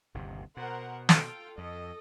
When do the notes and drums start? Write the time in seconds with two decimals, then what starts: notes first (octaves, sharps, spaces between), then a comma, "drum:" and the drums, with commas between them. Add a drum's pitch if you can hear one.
0.14 G1 D#2 C3
0.57 B2 A#4 C5 F#5
1.09 F4 A4 G5, drum: snare
1.58 F2 A4 D#5